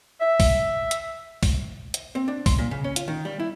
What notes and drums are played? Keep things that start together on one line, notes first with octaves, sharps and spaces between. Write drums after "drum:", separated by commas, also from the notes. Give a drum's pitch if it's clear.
E5
drum: kick, open hi-hat
drum: hi-hat
drum: kick, open hi-hat
drum: hi-hat
C4
D4
C6, drum: kick, open hi-hat
A#2
C#3
C#4
F4, drum: hi-hat
D#3
G3
E4